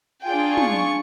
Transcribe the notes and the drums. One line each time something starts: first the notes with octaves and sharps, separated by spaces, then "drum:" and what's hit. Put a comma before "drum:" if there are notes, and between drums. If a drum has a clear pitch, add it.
D4 F4 G#4 G5
C#6, drum: tom